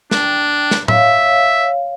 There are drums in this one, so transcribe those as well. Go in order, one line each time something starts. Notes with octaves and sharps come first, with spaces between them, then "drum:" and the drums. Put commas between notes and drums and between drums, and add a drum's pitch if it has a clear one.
D4 G5 A5, drum: snare
drum: snare
C#5 E5 F5, drum: tom A2